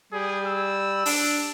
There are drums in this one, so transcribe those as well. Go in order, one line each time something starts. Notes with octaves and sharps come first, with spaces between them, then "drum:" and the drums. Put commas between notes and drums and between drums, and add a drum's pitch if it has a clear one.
G3 G#4
E6
D4, drum: open hi-hat